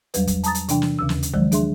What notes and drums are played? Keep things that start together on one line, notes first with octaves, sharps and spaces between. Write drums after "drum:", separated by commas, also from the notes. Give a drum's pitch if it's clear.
E2 F#3 G3 B4, drum: hi-hat
drum: kick, hi-hat
A5 A#5 D#6 A6, drum: hi-hat
drum: hi-hat
C3 E3 D4 G5, drum: hi-hat
drum: snare
D#2 C#3 E6
drum: snare
drum: hi-hat
D#3 F3 F#3 G#3, drum: kick
D4 G#4 E5 C6, drum: hi-hat